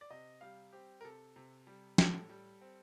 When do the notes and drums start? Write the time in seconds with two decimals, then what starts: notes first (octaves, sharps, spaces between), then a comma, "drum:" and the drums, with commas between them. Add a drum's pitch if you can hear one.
0.01 D5
0.10 C3 D#5
0.41 G3 F5
0.73 C4 G4
1.01 A#4
1.05 C3 A4
1.36 C3
1.67 G3
1.98 A2 A4, drum: snare
2.29 G3
2.61 C4